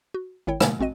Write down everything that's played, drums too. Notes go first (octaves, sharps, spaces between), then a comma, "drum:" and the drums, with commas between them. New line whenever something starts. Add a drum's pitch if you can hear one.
F#4
G#1 D#3 E4 C#5 G5
A2 C3 D#3 A#3, drum: rim click
A1 C4 F#4 D#5 D#7